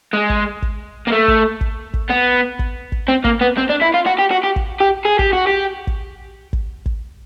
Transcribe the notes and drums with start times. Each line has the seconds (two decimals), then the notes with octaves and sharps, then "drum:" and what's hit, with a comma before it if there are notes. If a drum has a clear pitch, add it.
0.13 G#3
0.30 drum: kick
0.62 drum: kick
1.07 A#3
1.12 A3
1.28 drum: kick
1.61 drum: kick
1.94 drum: kick
2.10 B3
2.59 drum: kick
2.92 drum: kick
3.09 C4
3.24 A#3, drum: kick
3.41 B3
3.58 C4
3.70 D4
3.82 E4
3.94 F4
4.07 F#4
4.19 G4
4.31 F#4
4.44 G4
4.56 drum: kick
4.80 G4
5.05 G#4
5.19 G4, drum: kick
5.33 F#4
5.47 G4
5.87 drum: kick
6.53 drum: kick
6.86 drum: kick